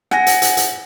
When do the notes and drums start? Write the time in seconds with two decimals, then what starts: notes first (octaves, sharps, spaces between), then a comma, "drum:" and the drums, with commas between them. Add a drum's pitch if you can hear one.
0.11 F#5 G#5 A#6, drum: rim click
0.27 drum: hi-hat
0.42 drum: hi-hat
0.57 drum: hi-hat